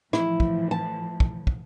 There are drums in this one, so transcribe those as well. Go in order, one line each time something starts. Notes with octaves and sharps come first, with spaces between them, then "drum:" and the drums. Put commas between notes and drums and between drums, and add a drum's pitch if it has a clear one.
A2 E3 F3 E4, drum: rim click
drum: kick
A5
drum: kick
drum: kick